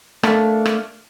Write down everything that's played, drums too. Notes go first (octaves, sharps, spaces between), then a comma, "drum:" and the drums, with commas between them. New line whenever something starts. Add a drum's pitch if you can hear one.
A3 A#3 D4, drum: rim click
drum: rim click